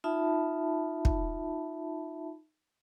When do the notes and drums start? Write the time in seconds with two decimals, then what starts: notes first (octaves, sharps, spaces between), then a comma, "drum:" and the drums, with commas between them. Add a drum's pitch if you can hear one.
0.04 D#4 F4 E5 A5 B5
1.05 drum: kick